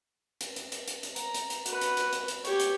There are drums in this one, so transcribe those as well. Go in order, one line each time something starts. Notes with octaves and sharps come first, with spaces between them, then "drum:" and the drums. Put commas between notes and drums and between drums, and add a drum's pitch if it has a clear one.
drum: hi-hat
drum: hi-hat
drum: hi-hat
drum: hi-hat
drum: hi-hat
A#5, drum: hi-hat
drum: hi-hat
drum: hi-hat
F#4 B4, drum: hi-hat
drum: hi-hat
drum: hi-hat
drum: hi-hat
drum: hi-hat
G4 C#5, drum: hi-hat
drum: hi-hat